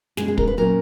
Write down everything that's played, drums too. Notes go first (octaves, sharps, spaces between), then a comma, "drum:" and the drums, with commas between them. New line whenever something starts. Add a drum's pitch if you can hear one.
B2 G#3 C#4 G#4, drum: snare
G#4
A#4, drum: kick
B4
A#2 F#3 C#4 A#4